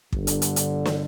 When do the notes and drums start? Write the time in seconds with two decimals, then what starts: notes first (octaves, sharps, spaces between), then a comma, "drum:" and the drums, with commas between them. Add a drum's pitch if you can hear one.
0.13 G1 G2 D3, drum: kick
0.27 drum: hi-hat
0.42 drum: hi-hat
0.56 drum: hi-hat
0.85 drum: snare